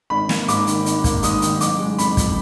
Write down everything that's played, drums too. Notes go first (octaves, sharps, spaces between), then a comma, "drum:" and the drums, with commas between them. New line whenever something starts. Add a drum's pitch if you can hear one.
G#1 B5
A#3, drum: snare
G#2 D6, drum: hi-hat
D#3, drum: hi-hat
G#1, drum: hi-hat
A#3, drum: kick, hi-hat
G#2 D#6, drum: hi-hat
D#3, drum: hi-hat
F#1 D6, drum: hi-hat
G#3
F2 B5, drum: hi-hat
F3, drum: kick, hi-hat